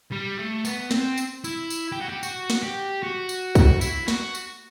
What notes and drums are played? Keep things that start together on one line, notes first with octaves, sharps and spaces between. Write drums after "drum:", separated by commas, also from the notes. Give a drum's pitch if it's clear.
G3
A3
B3, drum: tambourine
C4, drum: snare
drum: tambourine
E4, drum: tambourine
drum: tambourine
G4
F#4
G4
F#4, drum: tambourine
drum: snare
G4
F#4
drum: tambourine
drum: kick, tambourine
E4, drum: tambourine
F#4, drum: snare
drum: tambourine